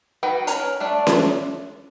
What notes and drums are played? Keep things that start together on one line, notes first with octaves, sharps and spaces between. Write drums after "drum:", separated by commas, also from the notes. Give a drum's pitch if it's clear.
D#3 F#4 B4 G5
C#4 A#4 B4 C#5, drum: hi-hat
A3 D4 D5
drum: snare C#4